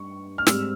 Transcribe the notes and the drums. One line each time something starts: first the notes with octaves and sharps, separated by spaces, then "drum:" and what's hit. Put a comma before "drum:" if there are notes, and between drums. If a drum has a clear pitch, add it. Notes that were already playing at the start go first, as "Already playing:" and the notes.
Already playing: G2 C#6
F6
G#2 G3 C4 E6, drum: snare